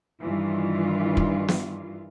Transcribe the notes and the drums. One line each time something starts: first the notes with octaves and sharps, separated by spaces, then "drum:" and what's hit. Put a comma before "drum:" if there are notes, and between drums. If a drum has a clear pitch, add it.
G2 D#3 E3 F4
drum: kick
drum: snare